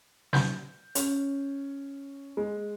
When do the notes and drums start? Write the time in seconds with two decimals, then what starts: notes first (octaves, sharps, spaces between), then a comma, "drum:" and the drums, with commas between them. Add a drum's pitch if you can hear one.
0.33 G6, drum: snare
0.95 C#4, drum: hi-hat
2.37 G#3